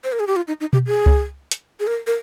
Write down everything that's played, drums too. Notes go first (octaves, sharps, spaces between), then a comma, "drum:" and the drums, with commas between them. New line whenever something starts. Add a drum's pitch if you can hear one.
C5
A#4
G#4
G4
F4
D#4
D#4
G4, drum: tom B2
G#4
drum: kick C#2
drum: hi-hat
G#4
A#4
A#4